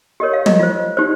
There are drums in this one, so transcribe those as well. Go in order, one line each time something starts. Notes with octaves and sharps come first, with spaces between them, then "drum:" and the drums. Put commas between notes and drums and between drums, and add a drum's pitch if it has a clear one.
G4 A#4 C#5 D#5
F5
D#5, drum: tom
F4 C5
D#4 G4 C5